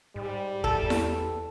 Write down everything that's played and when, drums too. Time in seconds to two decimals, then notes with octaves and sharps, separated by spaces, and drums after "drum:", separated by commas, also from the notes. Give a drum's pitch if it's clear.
0.16 G#2 G3
0.64 E2 A4, drum: kick
0.90 drum: snare E4